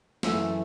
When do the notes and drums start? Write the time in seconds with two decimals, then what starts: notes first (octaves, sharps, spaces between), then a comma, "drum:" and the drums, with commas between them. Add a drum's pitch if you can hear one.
0.23 F#2 E3 A3 E6, drum: snare